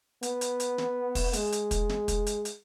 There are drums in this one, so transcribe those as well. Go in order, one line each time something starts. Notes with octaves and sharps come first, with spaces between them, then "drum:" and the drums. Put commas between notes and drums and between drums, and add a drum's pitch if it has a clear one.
B3, drum: hi-hat
drum: hi-hat
drum: hi-hat
drum: snare
drum: kick, open hi-hat
G#3, drum: hi-hat
drum: hi-hat
drum: kick, hi-hat
drum: snare
drum: kick, hi-hat
drum: hi-hat
drum: hi-hat